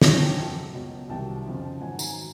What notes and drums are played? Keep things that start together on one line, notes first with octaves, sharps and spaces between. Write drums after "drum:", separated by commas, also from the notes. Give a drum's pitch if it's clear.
E2 C#3 F3 C#5 D#5, drum: snare
G5 A5
F#2 C#3 F#3 G5 A5
C#2 B2 F#3
C2 C3 D#3 F#3 G5 A5
F2 C#3 F3
G#2 D#3 F#3 F#5 G#5
G#5 A#5, drum: tambourine